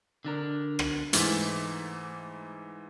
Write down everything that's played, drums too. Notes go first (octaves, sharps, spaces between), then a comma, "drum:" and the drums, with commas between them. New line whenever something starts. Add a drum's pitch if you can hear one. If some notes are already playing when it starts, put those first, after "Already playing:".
D3 D4 A#4
drum: rim click
G#2 E3 A3, drum: hi-hat